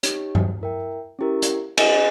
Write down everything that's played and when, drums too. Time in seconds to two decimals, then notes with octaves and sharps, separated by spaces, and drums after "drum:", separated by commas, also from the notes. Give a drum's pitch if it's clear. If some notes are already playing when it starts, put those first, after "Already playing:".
0.03 D#4 G4 C#5, drum: hi-hat
0.35 drum: tom G2
0.61 E4 A#4 E5 G5
1.19 C#4 E4 G4 A#4
1.42 drum: hi-hat
1.77 G#4 D#5 G#5, drum: cymbal